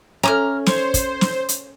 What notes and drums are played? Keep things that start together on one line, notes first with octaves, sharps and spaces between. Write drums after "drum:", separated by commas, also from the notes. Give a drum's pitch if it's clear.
C#4 A4 E5 A#5 D#6 F6
C5 C#5, drum: snare
drum: kick, hi-hat
drum: snare
drum: hi-hat